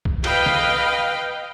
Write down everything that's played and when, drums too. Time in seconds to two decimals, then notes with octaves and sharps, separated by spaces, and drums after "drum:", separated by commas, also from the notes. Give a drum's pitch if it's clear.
0.05 drum: kick B1
0.24 B4 D#5 F5 G5, drum: cymbal
0.46 drum: snare